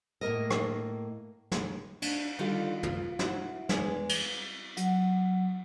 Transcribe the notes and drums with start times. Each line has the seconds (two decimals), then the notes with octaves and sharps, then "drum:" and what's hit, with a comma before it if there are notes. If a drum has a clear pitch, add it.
0.21 A2 A#3 A#4 D#5
0.50 drum: rim click
1.52 drum: snare
2.02 D4, drum: cymbal
2.39 D3 D#3 G3 F4 G4
2.83 F4, drum: tom
3.19 E4 F#4, drum: snare
3.69 E2 G#3, drum: snare
4.09 drum: cymbal
4.77 F#3 F#5, drum: hi-hat